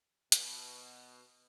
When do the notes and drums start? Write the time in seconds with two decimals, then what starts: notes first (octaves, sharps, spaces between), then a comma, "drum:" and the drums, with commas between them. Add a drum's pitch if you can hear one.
0.32 B2, drum: hi-hat